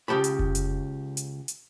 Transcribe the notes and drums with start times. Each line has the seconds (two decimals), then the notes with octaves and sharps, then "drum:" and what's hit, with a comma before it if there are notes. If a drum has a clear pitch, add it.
0.08 C#2 C#3 E3 G4 A5 B5
0.24 drum: hi-hat
0.39 drum: kick F1
0.55 drum: hi-hat
1.17 drum: hi-hat
1.48 drum: hi-hat